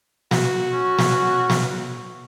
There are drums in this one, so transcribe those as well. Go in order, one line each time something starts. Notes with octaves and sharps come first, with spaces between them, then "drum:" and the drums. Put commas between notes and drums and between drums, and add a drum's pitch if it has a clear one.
F#4, drum: snare
C#4
drum: snare
drum: snare